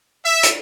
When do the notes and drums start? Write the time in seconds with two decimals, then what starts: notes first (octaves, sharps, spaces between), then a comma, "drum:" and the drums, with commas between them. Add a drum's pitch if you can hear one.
0.25 E5
0.43 drum: hi-hat